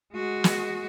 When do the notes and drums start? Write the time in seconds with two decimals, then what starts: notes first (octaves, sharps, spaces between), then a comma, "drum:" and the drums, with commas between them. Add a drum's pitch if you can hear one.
0.13 G#3 F#4
0.44 drum: snare